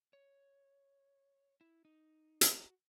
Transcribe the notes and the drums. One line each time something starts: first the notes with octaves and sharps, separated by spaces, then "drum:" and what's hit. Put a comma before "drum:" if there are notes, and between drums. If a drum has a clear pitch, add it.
C#5
E4
D#4
drum: hi-hat
F#4